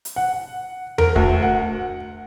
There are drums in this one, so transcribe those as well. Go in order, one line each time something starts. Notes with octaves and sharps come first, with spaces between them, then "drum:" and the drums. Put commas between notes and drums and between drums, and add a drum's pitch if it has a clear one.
drum: hi-hat
F#5
A#4, drum: tom E2
D2, drum: kick
F#5